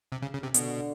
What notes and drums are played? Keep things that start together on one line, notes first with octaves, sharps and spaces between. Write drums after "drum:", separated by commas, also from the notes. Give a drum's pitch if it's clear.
C3
C#3
C#3
C3
B2 D3, drum: hi-hat